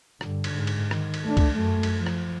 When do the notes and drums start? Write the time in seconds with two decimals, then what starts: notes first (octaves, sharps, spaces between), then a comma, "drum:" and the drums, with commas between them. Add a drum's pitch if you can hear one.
0.21 G2 D3, drum: rim click
0.44 drum: cymbal
0.55 G#2
0.67 drum: cymbal
0.91 D#3, drum: rim click
1.14 drum: cymbal
1.23 A3 D4
1.37 drum: kick C#2, cymbal
1.55 F#2 A3
1.83 drum: cymbal
1.97 F3
2.06 drum: rim click